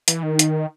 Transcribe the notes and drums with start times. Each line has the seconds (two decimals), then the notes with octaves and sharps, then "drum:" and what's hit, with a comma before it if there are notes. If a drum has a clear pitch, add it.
0.08 E3, drum: hi-hat
0.23 D#3
0.39 drum: hi-hat